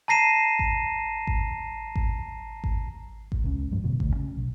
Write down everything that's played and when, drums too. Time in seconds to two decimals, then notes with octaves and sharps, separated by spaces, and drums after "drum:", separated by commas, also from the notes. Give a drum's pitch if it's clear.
0.08 A5 A#5 A#6 C7 D#7 E7
0.59 drum: kick G#1
1.27 drum: kick G#1
1.96 drum: kick G#1
2.64 drum: kick G#1
3.32 drum: kick G#1
3.44 C#2 C#3
3.71 F2 G#2 F3
3.83 B2 D3 F#3
4.00 D2, drum: kick G#1
4.16 C#3
4.35 B1